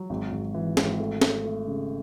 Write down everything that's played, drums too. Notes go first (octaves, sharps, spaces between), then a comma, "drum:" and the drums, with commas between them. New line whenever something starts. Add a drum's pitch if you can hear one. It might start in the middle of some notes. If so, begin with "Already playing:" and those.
Already playing: F#3
G#1
G#1
E3
G#1, drum: snare
A3
A3, drum: snare
A3
C#3